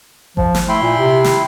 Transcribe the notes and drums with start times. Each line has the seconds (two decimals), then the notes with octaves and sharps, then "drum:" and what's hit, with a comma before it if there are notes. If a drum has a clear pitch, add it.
0.37 F3, drum: kick G#1
0.55 drum: snare
0.69 A3 E4 G5 C6
0.82 A#2
0.98 C3
1.24 drum: snare